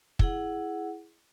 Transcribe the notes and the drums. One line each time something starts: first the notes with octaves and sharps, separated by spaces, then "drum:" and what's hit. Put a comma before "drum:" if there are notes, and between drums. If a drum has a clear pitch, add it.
E4 G#4 F#5, drum: kick